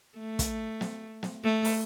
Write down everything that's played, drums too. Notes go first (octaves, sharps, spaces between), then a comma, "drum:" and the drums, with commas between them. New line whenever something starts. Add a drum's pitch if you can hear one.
A3
drum: kick, hi-hat
drum: snare
drum: snare
A3
drum: open hi-hat